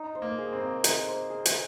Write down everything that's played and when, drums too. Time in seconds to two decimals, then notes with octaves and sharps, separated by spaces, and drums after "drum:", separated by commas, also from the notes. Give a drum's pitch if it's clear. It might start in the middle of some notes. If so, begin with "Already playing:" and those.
Already playing: D#4
0.15 C5
0.22 A#3
0.38 G#4
0.53 C4
0.61 A#3
0.84 D#4, drum: hi-hat
1.07 C5
1.30 G#4
1.45 drum: hi-hat